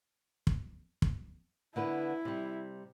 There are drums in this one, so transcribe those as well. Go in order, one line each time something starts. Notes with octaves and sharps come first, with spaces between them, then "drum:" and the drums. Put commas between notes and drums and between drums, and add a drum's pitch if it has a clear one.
drum: kick
drum: kick
D3 B3 E4 B4
C3 G3